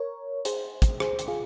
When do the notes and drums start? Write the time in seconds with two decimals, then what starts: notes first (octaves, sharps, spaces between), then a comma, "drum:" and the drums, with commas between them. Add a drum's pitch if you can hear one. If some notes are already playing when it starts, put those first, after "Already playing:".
Already playing: A#4 C#5
0.45 G#4 C5, drum: hi-hat
0.82 drum: kick, hi-hat
1.00 G#4 C5, drum: rim click
1.19 drum: hi-hat
1.28 F4 G#4